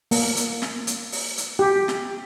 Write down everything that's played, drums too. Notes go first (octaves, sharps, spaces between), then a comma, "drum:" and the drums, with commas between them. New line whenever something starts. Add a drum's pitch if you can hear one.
A#3, drum: open hi-hat
drum: hi-hat
drum: snare
drum: hi-hat
drum: open hi-hat
drum: hi-hat
G4
drum: snare